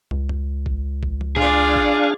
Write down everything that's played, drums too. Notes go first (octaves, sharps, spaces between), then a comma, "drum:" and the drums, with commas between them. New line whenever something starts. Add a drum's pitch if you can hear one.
C#2, drum: tom
drum: tom
drum: kick A1
drum: kick A1
drum: tom
D4 F4 G#4 D5 F5, drum: tom
drum: kick A1